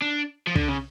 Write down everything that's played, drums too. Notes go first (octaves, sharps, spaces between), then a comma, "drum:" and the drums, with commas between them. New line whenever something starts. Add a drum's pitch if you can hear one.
D4
F3
D3, drum: kick
C#3